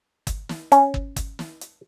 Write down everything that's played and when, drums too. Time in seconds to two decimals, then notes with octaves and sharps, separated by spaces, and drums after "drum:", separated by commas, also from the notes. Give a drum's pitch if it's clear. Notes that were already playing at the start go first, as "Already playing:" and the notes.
0.27 drum: kick, hi-hat
0.49 drum: snare
0.72 C#4, drum: hi-hat
0.94 drum: kick
1.16 drum: kick, hi-hat
1.39 drum: snare
1.61 drum: hi-hat